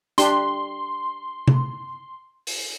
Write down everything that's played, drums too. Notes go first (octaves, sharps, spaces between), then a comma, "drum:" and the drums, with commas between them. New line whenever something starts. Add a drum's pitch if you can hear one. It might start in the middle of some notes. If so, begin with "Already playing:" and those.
D4 G4 C6, drum: hi-hat
drum: tom C3
drum: open hi-hat